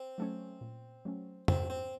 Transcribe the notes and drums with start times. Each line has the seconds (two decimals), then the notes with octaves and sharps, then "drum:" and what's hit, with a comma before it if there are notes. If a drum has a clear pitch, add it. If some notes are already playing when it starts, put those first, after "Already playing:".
Already playing: C4
0.18 F#3 A3 C#4
0.61 A#2
1.05 F#3 A3 C#4
1.48 G#2 C4, drum: tom F2
1.70 C4